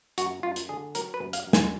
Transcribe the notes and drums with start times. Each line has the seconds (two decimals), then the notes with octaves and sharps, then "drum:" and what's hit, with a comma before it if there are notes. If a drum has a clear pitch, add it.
0.18 F#2 F#4, drum: hi-hat
0.43 F#2 F4
0.56 drum: hi-hat
0.69 D3 G#4
0.95 F#3 A#4, drum: hi-hat
1.14 B4
1.21 F#2
1.33 F5, drum: hi-hat
1.47 F#2
1.53 G#5, drum: snare